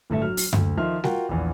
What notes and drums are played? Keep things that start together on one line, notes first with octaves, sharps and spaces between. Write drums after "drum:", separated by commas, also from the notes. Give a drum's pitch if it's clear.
G1 A2 A4 E5
F#3 F6
drum: open hi-hat
D2, drum: tom F#2
D#3 F3 E5 C6 F6
F4 F#4 A#4 F#5 G5, drum: snare G3
A#1 E2